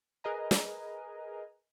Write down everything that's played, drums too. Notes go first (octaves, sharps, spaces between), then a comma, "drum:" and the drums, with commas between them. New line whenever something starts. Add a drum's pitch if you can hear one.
G#4 A#4 B4 D#5 G#5 A#5
drum: snare